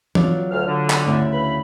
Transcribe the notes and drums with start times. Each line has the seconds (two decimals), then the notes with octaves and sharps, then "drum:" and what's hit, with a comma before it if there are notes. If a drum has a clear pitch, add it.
0.15 F#3 F4 D5, drum: tom E3
0.51 D2 F6
0.68 D3
0.90 drum: clap
1.06 D2 C#3 E4
1.32 B5